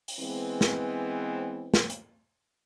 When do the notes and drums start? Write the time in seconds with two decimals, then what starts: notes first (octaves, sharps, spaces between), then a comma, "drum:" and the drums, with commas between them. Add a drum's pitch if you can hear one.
0.08 drum: open hi-hat
0.20 E3 G#3 B3 C4
0.61 drum: snare
1.74 drum: snare
1.90 drum: hi-hat